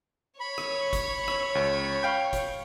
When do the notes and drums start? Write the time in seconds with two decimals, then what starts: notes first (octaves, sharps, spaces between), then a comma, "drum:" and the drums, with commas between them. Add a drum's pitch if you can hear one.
0.40 C#5 B5
0.58 drum: rim click
0.93 drum: kick F#1, hi-hat
1.28 drum: rim click
1.55 C#2
2.03 F5 G5 G6
2.33 drum: kick F#1, hi-hat